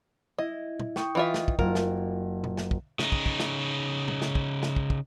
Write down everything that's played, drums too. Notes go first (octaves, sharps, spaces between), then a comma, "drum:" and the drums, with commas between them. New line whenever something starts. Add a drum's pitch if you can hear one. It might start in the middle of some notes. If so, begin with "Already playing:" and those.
E4 D#5
drum: tom
G5 C#6 D#6, drum: snare
E3 F4 D#5 E5
drum: snare
drum: kick
F#1 F4 A#4, drum: kick
drum: snare
drum: tom
drum: snare
drum: kick
C#3 D#4, drum: snare
drum: kick
drum: kick
drum: snare
drum: tom
drum: snare
drum: kick
drum: snare
drum: kick
drum: kick